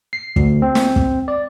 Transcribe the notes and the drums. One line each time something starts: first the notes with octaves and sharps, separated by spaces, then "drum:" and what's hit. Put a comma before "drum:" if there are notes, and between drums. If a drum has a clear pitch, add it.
C7
D2, drum: kick
C4
drum: snare
drum: kick
D5